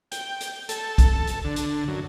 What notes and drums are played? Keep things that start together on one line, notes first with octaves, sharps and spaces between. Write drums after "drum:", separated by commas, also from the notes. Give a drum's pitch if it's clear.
G5, drum: hi-hat
drum: hi-hat
A4, drum: hi-hat
drum: kick, hi-hat
drum: hi-hat
D3
drum: hi-hat
F#2